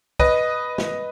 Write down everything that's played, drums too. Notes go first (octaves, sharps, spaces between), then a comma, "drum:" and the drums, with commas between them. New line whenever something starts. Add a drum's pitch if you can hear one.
B4 D#5, drum: kick
drum: snare